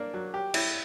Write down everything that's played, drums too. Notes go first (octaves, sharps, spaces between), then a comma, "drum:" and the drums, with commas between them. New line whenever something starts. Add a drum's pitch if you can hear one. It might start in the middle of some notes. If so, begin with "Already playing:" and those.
Already playing: A#3 D4
F#3
G4
E4, drum: cymbal